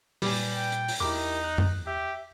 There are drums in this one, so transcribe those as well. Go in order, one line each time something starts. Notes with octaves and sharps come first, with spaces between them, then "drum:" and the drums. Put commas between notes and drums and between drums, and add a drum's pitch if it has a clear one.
A#2 G3 B4 D5 G#5, drum: open hi-hat
G5
drum: hi-hat
drum: open hi-hat
E2 D#4 E4 G4 A#4 D6
F#6
drum: tom F#2
G4 E5